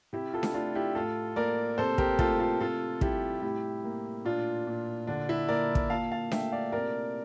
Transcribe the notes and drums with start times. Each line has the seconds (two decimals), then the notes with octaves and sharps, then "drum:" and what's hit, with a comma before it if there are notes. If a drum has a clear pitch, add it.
0.13 C3 E4 G4
0.33 F4 A4
0.43 drum: snare D4
0.54 A3 D4 F4
0.75 E4 G4
0.95 A2 F4 A4
1.36 A#3 A#4 D5
1.78 C3 A4 C5
1.98 G4 A#4, drum: kick
2.19 A3 F4 A4, drum: kick
2.39 F4 A4
2.60 C3 F4 A4
3.01 G3 E4 G4, drum: kick
3.42 A2 E4 G4
3.84 A#3
4.25 A#2 D4 F4
4.67 A#2
5.07 D3 D4
5.29 E4
5.49 A#3 A#4 D5
5.75 drum: kick
5.90 A#2 F5 A5
6.12 F5 A5
6.31 A3 E5 G5, drum: snare D4
6.52 D5 F5
6.72 C3 A#4 D5